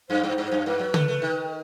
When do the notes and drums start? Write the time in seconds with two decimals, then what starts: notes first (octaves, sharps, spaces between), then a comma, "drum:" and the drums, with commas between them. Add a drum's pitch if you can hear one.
0.09 F#2 C5
0.23 G2 C5
0.38 G2
0.47 F#2 C5
0.66 G2 B4
0.79 F#3
0.94 A3, drum: tom
1.08 A3
1.22 D#3